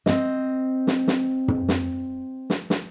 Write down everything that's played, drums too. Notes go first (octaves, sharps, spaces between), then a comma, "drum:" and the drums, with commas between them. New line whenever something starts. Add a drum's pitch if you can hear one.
C4 D#5, drum: snare
drum: snare
drum: snare
drum: tom
drum: snare
drum: snare
drum: snare